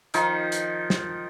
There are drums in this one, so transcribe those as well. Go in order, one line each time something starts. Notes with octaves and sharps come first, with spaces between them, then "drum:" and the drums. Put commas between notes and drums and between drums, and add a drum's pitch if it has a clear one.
D#3 F3 D#4, drum: hi-hat
drum: hi-hat
drum: snare